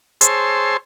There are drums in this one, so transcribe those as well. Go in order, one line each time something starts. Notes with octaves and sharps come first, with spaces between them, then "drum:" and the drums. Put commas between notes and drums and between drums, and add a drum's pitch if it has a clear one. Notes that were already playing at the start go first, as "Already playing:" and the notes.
G#4 C5 C#5 A5 C6 E6, drum: hi-hat